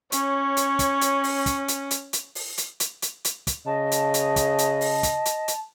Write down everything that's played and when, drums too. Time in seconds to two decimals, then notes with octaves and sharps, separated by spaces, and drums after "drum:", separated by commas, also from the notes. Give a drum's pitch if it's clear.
0.12 C#4 C#5, drum: hi-hat
0.57 drum: hi-hat
0.79 drum: kick, hi-hat
1.01 drum: hi-hat
1.24 drum: open hi-hat
1.46 drum: kick, hi-hat
1.68 drum: hi-hat
1.91 drum: hi-hat
2.13 drum: hi-hat
2.35 drum: open hi-hat
2.58 drum: hi-hat
2.80 drum: hi-hat
3.02 drum: hi-hat
3.25 drum: hi-hat
3.47 drum: kick, hi-hat
3.66 C#3 D#5 A5
3.92 drum: hi-hat
4.14 drum: hi-hat
4.36 drum: kick, hi-hat
4.58 drum: hi-hat
4.81 drum: open hi-hat
5.03 drum: kick, hi-hat
5.25 drum: hi-hat
5.48 drum: hi-hat